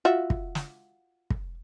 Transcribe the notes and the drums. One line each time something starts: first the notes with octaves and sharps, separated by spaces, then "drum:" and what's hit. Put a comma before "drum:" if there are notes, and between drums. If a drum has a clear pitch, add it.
F4 F#4 E5
drum: kick
drum: snare
drum: kick